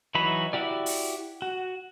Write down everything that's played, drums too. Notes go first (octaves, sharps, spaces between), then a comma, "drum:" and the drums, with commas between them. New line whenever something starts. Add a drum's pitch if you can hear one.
E3 F#3 D#4 F#4 B5
E4 F#4 G4 D5
drum: open hi-hat
F#4